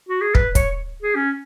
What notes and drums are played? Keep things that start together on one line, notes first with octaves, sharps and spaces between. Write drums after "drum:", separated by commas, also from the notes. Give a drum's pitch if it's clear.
F#4
G#4
B4, drum: kick
C#5, drum: kick, hi-hat
G#4
C#4